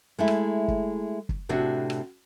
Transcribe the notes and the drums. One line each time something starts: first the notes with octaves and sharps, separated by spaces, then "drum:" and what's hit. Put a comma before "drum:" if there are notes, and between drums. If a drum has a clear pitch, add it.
G#3 A3 E4
drum: rim click
drum: kick
drum: kick
A2 C3 D4 F#4
drum: rim click